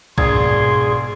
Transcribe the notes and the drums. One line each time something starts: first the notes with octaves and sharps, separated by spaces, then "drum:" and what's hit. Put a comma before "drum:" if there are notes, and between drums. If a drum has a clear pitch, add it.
A#1 G#2 B2 G#4 C6 G#6, drum: kick B1